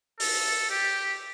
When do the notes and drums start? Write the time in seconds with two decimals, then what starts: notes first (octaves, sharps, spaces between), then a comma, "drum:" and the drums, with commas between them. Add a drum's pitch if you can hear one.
0.20 A4, drum: open hi-hat
0.70 G4